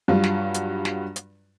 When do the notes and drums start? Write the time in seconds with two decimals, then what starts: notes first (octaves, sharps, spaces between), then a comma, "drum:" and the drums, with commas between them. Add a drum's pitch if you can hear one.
0.08 G2 F#3 G3 F4 F#4
0.24 drum: snare
0.54 drum: hi-hat
0.85 drum: snare
1.16 drum: hi-hat